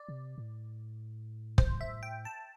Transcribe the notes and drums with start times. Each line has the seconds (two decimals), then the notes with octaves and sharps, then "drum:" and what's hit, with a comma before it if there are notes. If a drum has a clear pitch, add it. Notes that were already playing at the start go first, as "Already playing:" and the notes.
Already playing: D5
0.08 C3
0.38 A2
1.58 C5, drum: kick
1.81 E5
2.03 G5
2.25 A5